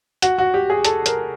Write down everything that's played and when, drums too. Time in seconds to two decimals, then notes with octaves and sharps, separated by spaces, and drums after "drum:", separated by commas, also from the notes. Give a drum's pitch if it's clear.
0.22 F#4, drum: hi-hat
0.38 F#4
0.54 G4
0.70 G#4
0.85 A4, drum: hi-hat
1.06 A#4, drum: hi-hat